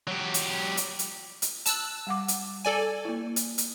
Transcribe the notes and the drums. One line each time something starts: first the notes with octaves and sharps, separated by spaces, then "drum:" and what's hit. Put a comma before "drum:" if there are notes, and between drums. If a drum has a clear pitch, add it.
F#3 G4
drum: hi-hat
drum: hi-hat
drum: hi-hat
drum: hi-hat
A5 E6 F#6, drum: hi-hat
G3 F#5 D6
drum: hi-hat
A4 D5 G#5
A#3 E4
drum: hi-hat
drum: hi-hat